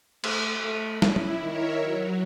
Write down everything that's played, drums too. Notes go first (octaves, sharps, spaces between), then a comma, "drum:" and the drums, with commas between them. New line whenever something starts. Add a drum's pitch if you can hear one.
A3, drum: cymbal
A3
C#4 E4, drum: snare
drum: tom
D#3 A#4 C#5 E5
F#3